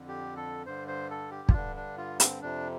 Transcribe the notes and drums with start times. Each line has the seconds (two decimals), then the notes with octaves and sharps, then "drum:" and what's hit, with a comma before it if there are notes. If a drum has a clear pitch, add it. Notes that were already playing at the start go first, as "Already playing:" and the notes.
Already playing: F2 D3
0.08 G4
0.36 A4
0.66 G2 D3 C5
0.88 C5
1.10 A4
1.31 G4
1.49 F4, drum: kick
1.53 G2 D3 D4
1.76 D4
1.98 F4
2.20 C4, drum: hi-hat
2.41 F2 C3 D4